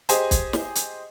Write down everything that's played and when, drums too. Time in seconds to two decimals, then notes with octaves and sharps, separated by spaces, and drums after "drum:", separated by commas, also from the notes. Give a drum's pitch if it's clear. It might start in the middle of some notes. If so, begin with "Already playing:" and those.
0.09 G4 G#4 C5 D#5 G#5, drum: hi-hat
0.31 drum: kick, hi-hat
0.53 drum: snare
0.75 drum: hi-hat